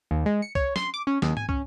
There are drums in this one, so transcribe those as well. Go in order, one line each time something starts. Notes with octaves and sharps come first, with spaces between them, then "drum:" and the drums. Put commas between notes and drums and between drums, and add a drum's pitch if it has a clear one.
D#2
G#3
C#7
C#5, drum: kick
C6, drum: snare
D6
C#4
D#2, drum: snare
G#5, drum: tom G#2
C#4, drum: kick